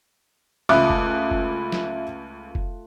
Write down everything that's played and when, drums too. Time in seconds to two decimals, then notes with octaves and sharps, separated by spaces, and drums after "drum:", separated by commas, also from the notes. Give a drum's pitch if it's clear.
0.69 C#2 A3 F4 E5 B5 D6 D#6 F#6
0.90 drum: kick
1.31 drum: kick
1.72 drum: snare
2.55 drum: kick